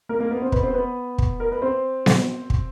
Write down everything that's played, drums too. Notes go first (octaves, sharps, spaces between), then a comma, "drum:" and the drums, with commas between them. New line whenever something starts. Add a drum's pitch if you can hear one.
A#3 A#4
A#3 A#4
B3 B4
C4 C5
B3 B4, drum: kick
C4 C5
B3 B4
drum: kick
A#4
B4
C4 C5
drum: snare B3
drum: kick